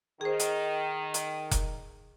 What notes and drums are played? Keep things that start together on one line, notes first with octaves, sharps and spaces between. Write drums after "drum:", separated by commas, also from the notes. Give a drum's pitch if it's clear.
D#3 G#4 C5
drum: hi-hat
drum: hi-hat
drum: kick F1, hi-hat